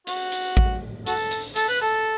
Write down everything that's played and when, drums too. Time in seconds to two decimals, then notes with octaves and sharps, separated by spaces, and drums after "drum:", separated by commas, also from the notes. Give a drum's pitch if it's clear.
0.07 F#4, drum: hi-hat
0.32 drum: hi-hat
0.57 drum: kick A1
1.06 F#4 A4, drum: hi-hat
1.31 drum: hi-hat
1.56 A4, drum: hi-hat
1.69 B4
1.81 A4